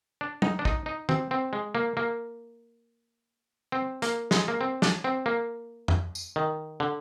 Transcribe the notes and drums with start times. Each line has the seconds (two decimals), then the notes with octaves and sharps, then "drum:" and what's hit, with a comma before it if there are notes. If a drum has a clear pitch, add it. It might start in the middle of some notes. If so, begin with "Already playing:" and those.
0.21 D4
0.42 D#4, drum: tom
0.59 D4
0.65 D#4, drum: kick
0.86 D#4
1.09 C4, drum: tom
1.31 C4
1.53 G#3
1.75 A#3
1.97 A#3
3.72 C4
4.02 A#3, drum: hi-hat
4.31 G#3, drum: snare
4.48 A#3
4.61 C4
4.82 D4, drum: snare
5.04 C4
5.26 A#3
5.88 drum: tom F2
6.15 drum: tambourine
6.36 D#3
6.80 D3